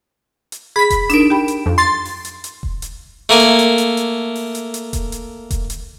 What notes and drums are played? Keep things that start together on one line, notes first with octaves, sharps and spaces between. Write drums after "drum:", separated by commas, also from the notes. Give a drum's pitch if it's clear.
drum: hi-hat
G#4 B5 B6
drum: kick E1, hi-hat
D4 D#4 A#4 D7 E7, drum: hi-hat
G4 G5 B5
drum: hi-hat
F2
C6 A6
drum: open hi-hat
drum: hi-hat
drum: hi-hat
drum: kick E1
drum: hi-hat
A3 A#3 G#5
drum: hi-hat
drum: hi-hat
drum: hi-hat
drum: hi-hat
drum: open hi-hat
drum: hi-hat
drum: hi-hat
drum: kick E1, hi-hat
drum: hi-hat
drum: kick E1, hi-hat
drum: hi-hat